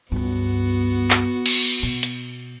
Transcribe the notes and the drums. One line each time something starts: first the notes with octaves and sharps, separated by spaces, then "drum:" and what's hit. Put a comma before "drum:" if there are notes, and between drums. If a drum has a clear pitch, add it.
C#2 G2 B3 F#4
drum: clap
drum: cymbal
B2
drum: hi-hat